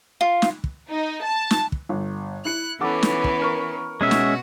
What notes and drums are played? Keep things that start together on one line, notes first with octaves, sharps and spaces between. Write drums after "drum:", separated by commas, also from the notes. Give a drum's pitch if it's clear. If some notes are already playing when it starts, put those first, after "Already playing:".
F4
drum: snare
drum: kick
D#4
A5
drum: snare
drum: kick
G1
E4 F#6 C#7
E3 B3 C#4 A4 F#5 D6
drum: snare
drum: kick
A#4 C#6
B2 G#3 C#4 F#4 E5
drum: snare